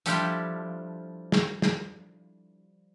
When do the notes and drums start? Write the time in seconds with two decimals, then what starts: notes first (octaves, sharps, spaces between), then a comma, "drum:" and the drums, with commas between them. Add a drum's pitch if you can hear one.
0.06 F3 G3 D4 E4 G4 A4, drum: hi-hat
1.32 drum: snare
1.62 drum: snare